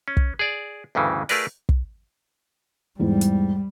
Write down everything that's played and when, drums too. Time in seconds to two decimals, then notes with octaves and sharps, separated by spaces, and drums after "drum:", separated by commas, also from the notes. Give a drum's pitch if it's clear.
0.08 C#4
0.17 drum: kick
0.39 G#4 D5
0.95 D2 G2 C#3 E3
1.29 A3 F4 G#4 A#4 B4 D5, drum: open hi-hat
1.69 drum: kick
2.99 E2 G#2 G3
3.21 drum: hi-hat